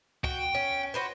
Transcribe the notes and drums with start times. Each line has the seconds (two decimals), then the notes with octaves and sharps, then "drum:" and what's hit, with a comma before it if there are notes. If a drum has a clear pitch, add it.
0.24 F#4 G5, drum: kick C#2
0.55 C#4
0.94 F#4 B4 C5